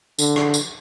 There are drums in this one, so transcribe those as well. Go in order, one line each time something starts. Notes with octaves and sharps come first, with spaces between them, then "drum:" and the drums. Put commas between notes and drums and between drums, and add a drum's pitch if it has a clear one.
D3, drum: tambourine
drum: rim click
drum: tambourine